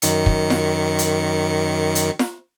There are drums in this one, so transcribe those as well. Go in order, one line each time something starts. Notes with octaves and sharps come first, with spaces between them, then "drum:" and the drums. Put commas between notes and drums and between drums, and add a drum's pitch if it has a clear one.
F#2 D#3 C#7, drum: hi-hat
drum: kick
drum: snare
drum: hi-hat
drum: hi-hat
drum: snare